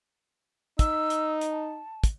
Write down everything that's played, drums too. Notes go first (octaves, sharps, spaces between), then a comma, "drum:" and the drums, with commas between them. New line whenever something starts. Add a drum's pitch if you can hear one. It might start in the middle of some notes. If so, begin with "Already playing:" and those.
D#4 E6, drum: kick, hi-hat
drum: hi-hat
drum: hi-hat
A5
drum: kick, hi-hat